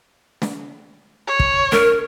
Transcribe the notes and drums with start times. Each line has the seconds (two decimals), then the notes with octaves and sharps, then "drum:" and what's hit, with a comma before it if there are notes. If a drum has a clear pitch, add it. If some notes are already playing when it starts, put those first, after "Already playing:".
0.42 drum: snare
1.27 C#5
1.39 drum: kick
1.72 A#4, drum: snare